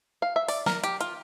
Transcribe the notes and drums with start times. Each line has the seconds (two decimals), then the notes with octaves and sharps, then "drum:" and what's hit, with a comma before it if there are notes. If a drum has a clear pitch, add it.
0.22 F5
0.36 E5
0.48 D5, drum: open hi-hat
0.66 A#4, drum: snare
0.84 G4, drum: hi-hat
1.01 F4, drum: hi-hat